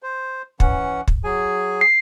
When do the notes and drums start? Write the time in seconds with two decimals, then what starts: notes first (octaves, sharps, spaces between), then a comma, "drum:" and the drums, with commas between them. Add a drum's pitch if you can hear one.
0.03 C5
0.60 E3 C#4 F#5, drum: kick
1.08 drum: kick
1.24 F#3 G#4 G#5
1.81 C7